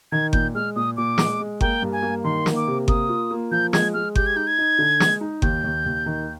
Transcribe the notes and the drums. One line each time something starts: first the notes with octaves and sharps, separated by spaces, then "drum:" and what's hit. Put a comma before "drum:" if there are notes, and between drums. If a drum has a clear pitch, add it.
D#3 G#6
A#2 G6, drum: kick G1
G#3 F6
A#2 D#6
A#2 D6
G#3, drum: snare
G#3
A#3 G5, drum: kick G1
G2
G#5
A#3
D#3 C6
A#3, drum: snare
D6
C3
A#3 D#6, drum: kick G1
F4
A#3
F3 G6
G#3 G#6, drum: snare
G#3 F6
G4 G6, drum: kick G1
G#6
D#4 G6
G#6
D#4
D3
G#3, drum: snare
D#4
D#2 G6, drum: kick G1
D#2
D#2
D#3